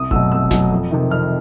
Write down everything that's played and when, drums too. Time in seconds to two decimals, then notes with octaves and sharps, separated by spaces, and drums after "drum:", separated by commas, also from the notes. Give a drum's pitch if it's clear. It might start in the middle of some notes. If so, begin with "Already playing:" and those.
Already playing: C2 D#6
0.11 B2 F#3 A3 E6, drum: kick F#1
0.32 C2 E6
0.51 B2 F#3 A3, drum: snare F1
0.72 F2
0.91 C3 D#3
1.10 F2 F6